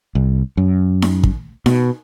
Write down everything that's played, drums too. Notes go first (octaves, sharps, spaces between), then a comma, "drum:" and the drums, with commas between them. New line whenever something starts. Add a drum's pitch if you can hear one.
C2
F#2
drum: snare D#4
drum: kick
B2, drum: snare D#4